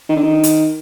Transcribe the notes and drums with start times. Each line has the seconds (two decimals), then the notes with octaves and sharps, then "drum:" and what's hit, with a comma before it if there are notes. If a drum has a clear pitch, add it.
0.09 D#3
0.16 D3
0.23 D#3
0.43 drum: hi-hat